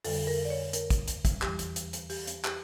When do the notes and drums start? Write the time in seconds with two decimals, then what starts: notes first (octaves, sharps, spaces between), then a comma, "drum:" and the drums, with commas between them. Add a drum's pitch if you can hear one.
0.05 F2 D3 G3 A4, drum: open hi-hat
0.27 A#4
0.45 D5
0.50 C#5
0.73 A#4, drum: hi-hat
0.90 drum: kick, hi-hat
1.08 drum: hi-hat
1.25 drum: kick, hi-hat
1.42 E2 E3 G3 G4, drum: clap
1.59 drum: hi-hat
1.76 drum: hi-hat
1.93 drum: hi-hat
2.10 G4, drum: open hi-hat
2.27 drum: hi-hat
2.45 G4, drum: clap